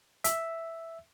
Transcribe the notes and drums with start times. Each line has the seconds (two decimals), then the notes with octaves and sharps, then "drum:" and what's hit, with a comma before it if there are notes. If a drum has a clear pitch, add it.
0.24 E5, drum: hi-hat